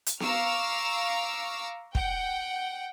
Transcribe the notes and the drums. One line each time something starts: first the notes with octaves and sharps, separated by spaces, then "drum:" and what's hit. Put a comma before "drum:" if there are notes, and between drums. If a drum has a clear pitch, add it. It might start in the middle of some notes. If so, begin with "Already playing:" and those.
drum: hi-hat
F5 A#5 C#6 D6 E6 F6, drum: snare B3
F#5 G5, drum: kick